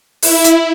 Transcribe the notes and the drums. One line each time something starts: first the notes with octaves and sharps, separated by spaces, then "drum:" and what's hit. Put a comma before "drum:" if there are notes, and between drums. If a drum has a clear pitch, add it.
E4, drum: open hi-hat
drum: hi-hat